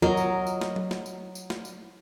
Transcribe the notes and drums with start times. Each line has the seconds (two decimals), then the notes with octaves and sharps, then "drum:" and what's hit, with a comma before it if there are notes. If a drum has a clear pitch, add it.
0.02 F#3 A#4 D#5, drum: kick
0.17 drum: tambourine
0.47 drum: tambourine
0.61 drum: snare
0.76 drum: tom F#3
0.91 drum: snare
1.06 drum: tambourine
1.35 drum: tambourine
1.50 drum: snare
1.65 drum: tambourine